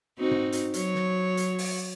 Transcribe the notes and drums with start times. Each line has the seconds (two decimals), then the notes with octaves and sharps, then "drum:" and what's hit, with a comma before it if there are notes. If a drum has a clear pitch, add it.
0.18 C4 D#4 F#4
0.31 drum: tom G#2
0.52 drum: hi-hat
0.74 F#3 C#5, drum: hi-hat
0.95 drum: snare
1.37 drum: hi-hat
1.58 drum: open hi-hat